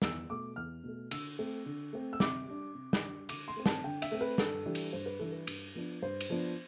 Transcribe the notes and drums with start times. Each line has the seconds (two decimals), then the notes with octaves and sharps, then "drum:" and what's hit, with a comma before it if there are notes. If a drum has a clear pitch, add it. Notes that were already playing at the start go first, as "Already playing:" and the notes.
0.02 E2 E6, drum: snare
0.30 B2 A3 D6
0.56 E2 F6
0.84 B2 A3
1.11 D3 E6, drum: cymbal
1.39 A3 C4
1.66 D3
1.93 A3 C4
2.13 E6
2.20 C3 D6, drum: snare
2.47 G3 D4
2.75 C3
2.93 drum: snare
3.02 G3 D4
3.29 D3 D6, drum: cymbal
3.48 C6
3.56 A3 C4
3.66 A5, drum: snare
3.84 D3 G5
4.02 E5, drum: cymbal
4.11 A3 C4
4.21 B4
4.38 G2 A4, drum: snare
4.66 E3 G3 D4
4.75 drum: cymbal
4.93 G2 C5
5.06 B4
5.19 E3 G3 D4 A4
5.32 B4
5.47 G2, drum: cymbal
5.75 F3 B3 D4
6.02 G2 C5
6.20 drum: cymbal
6.30 F3 B3 D4